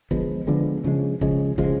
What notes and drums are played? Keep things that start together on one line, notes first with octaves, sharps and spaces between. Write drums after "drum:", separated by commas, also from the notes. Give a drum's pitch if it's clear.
D3 F3 G#3 B3, drum: kick
D3 F3 G#3 B3
C#3 F3 G#3
C#3 F3 G#3, drum: kick
C#3 F3 G#3, drum: kick